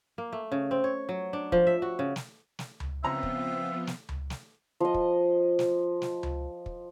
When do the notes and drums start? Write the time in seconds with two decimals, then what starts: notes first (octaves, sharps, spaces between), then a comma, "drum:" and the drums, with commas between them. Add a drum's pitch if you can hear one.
0.18 A#3
0.32 A3
0.52 C#3
0.71 C4
0.84 C#5
1.09 F#3
1.33 D4
1.52 F3, drum: kick
1.67 E5
1.82 F#4
1.99 C#3
2.16 drum: snare
2.59 drum: snare
2.80 drum: tom C#2
3.04 C#2 F3 B3 C4 F4 E5 A#5
3.23 drum: kick
3.87 drum: snare
4.09 drum: tom C#2
4.30 drum: snare
4.80 F3 D#5
4.94 drum: kick
5.59 drum: snare
6.02 drum: snare
6.23 drum: tom C#2
6.66 drum: kick